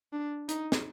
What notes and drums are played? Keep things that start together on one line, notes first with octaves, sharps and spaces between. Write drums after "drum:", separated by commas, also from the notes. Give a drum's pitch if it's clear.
D4
D#4, drum: hi-hat
drum: snare